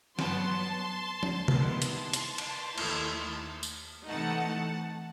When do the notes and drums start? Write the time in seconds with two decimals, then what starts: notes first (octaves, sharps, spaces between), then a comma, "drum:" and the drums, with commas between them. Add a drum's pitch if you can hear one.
0.19 G2 F#3 B3 A5 C6, drum: snare
1.23 drum: tom F3
1.48 C3 D#3 G3 B3 E4 A5 C6, drum: tom C3
1.82 drum: hi-hat
2.13 drum: hi-hat
2.38 drum: cymbal
2.78 D#2 D#3 A3 E4, drum: cymbal
3.63 drum: tambourine
4.06 C3 E3 A3 D#4 F#5 A5